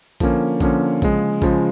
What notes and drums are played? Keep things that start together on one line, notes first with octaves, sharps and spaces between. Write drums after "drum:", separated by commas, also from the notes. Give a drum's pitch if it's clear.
D3 F3 A#3 C#4, drum: kick A#1, tambourine
D3 F3 A#3 C#4, drum: kick A#1, tambourine
C#3 F3 G#3, drum: kick A#1, tambourine
C#3 F3 G#3, drum: kick A#1, tambourine